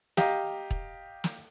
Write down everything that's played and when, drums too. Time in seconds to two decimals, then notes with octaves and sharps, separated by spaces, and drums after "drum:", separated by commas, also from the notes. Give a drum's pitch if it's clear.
0.17 G4 D#5 F5 A#5, drum: snare
0.71 drum: kick
1.24 drum: snare